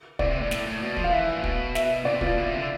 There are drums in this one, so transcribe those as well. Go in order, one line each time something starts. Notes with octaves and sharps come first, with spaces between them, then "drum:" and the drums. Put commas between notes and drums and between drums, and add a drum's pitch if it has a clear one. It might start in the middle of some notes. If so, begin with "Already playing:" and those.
C3 D5, drum: kick
C3
A2
A2, drum: snare
A2
B2
F3, drum: kick
F5
E3 E5
A2
B2, drum: kick
E5, drum: snare
C3 D5
B2 F4, drum: kick
B2
C3
D3